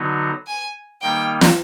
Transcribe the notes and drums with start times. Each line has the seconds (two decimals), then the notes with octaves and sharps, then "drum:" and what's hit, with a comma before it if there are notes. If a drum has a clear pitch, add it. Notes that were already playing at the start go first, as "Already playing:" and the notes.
Already playing: D3 F#3 B3 D#4 F#4
0.47 G#5
1.02 D#3 G3 A#3 D#4 G5
1.41 drum: snare